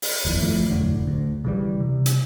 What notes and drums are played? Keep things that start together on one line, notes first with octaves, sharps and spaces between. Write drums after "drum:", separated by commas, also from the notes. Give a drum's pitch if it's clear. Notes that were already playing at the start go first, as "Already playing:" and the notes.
drum: open hi-hat
F#1 E2 A#2 E3
G#1 E3 F3 A3
E1 F#2 A2 D3
D2
C#3 E3 G3
C3
drum: hi-hat